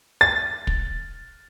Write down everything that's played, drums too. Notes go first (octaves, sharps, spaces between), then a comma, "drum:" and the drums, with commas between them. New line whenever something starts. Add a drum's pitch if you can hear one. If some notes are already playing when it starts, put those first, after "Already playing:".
A6
drum: kick